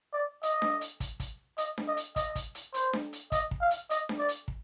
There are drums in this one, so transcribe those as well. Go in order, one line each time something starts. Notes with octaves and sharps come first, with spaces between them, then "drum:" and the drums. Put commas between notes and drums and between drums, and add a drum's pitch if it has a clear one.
D5
D#5, drum: hi-hat
drum: snare D4
drum: hi-hat
drum: kick, hi-hat
drum: kick, hi-hat
D#5, drum: hi-hat
drum: snare D4
D#5
drum: hi-hat
D#5, drum: kick, hi-hat
drum: kick, hi-hat
drum: hi-hat
C5, drum: hi-hat
drum: snare D4
drum: hi-hat
D#5, drum: kick, hi-hat
drum: kick
F5
drum: hi-hat
D#5, drum: hi-hat
drum: snare D4
D5
drum: hi-hat
drum: kick